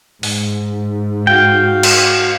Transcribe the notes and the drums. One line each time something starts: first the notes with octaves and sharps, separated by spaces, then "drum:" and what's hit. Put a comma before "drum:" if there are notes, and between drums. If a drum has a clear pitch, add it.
G#2, drum: open hi-hat
F#4 F5 G5
drum: cymbal